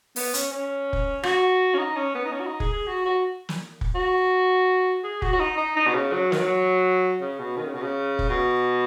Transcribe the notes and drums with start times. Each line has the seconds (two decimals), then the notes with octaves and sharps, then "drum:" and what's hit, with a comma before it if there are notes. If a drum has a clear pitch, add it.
0.16 B3, drum: open hi-hat
0.34 C#4, drum: hi-hat
0.51 C#4
0.93 drum: kick
1.23 F#4, drum: rim click
1.74 C#4
1.78 D#4
1.97 C#4
2.15 B3
2.25 D#4
2.32 C#4
2.40 F#4
2.46 D#4
2.60 G#4, drum: kick
2.73 G#4
2.87 F#4
3.05 F#4
3.49 drum: snare
3.81 drum: kick
3.95 F#4
5.04 G#4
5.22 F#4, drum: kick
5.33 F#4
5.39 D#4
5.57 D#4
5.76 D#4
5.87 B2
5.94 C#3
6.12 F#3
6.32 D#3, drum: snare
6.39 F#3
7.21 C#3
7.39 B2
7.57 D#3
7.65 C#3
7.74 B2
7.82 C#3
8.19 drum: kick
8.29 B2